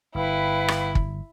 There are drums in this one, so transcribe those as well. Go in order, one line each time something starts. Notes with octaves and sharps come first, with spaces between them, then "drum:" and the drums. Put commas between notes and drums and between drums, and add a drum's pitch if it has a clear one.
G1 E4 B4 F5 G5
drum: rim click
drum: kick